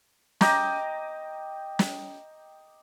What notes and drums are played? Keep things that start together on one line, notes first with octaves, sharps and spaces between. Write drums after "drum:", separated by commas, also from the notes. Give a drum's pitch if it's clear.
D#5 G5 A#5 D6, drum: snare
drum: snare